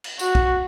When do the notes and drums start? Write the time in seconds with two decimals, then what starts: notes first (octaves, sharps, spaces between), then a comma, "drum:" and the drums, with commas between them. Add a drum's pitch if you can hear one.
0.04 drum: cymbal
0.19 F#4, drum: tambourine
0.35 drum: kick B1